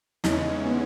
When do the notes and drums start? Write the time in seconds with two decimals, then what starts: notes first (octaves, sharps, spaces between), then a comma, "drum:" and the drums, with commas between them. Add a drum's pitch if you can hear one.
0.24 E2 C#3 E3 G#3 C#4 D#4, drum: snare
0.64 B3